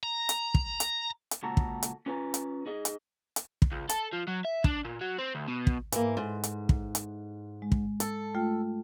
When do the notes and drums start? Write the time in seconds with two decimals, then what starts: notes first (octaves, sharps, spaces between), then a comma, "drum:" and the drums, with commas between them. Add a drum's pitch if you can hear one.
0.03 A#5
0.29 drum: hi-hat
0.54 drum: kick
0.80 drum: hi-hat
1.31 drum: hi-hat
1.43 C#2 A#2 F#4 A4 A#5
1.57 drum: kick
1.83 drum: hi-hat
2.06 C#4 F4 B4 G#5 A#5
2.34 drum: hi-hat
2.66 D#4 G#4 D#5
2.85 drum: hi-hat
3.36 drum: hi-hat
3.62 drum: kick
3.72 C#2
3.89 A4, drum: hi-hat
4.13 F3
4.27 F#3
4.45 E5
4.64 D4, drum: kick
4.85 A#2
5.01 F#3
5.19 C4
5.35 D2
5.48 B2
5.67 drum: kick
5.92 G#2 E3 A#3, drum: hi-hat
6.17 G#2 A4
6.44 drum: hi-hat
6.69 drum: kick
6.95 drum: hi-hat
7.62 G#3
7.72 drum: kick
8.00 A4, drum: hi-hat
8.35 A3 F4 G5